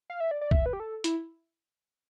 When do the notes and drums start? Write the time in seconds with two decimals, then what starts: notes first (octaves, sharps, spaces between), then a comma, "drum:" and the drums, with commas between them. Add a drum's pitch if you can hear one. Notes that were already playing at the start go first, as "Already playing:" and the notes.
0.10 F5
0.20 E5
0.31 D5
0.41 D5
0.51 E5, drum: kick
0.66 B4
0.73 G4
0.80 A4
1.04 E4, drum: hi-hat